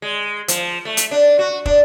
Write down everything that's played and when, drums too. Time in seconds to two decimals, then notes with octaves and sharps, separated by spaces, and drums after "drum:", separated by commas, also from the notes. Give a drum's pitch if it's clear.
0.02 G#3
0.48 F3, drum: hi-hat
0.85 A3
0.97 drum: hi-hat
1.11 D4
1.39 F#4
1.66 D4, drum: kick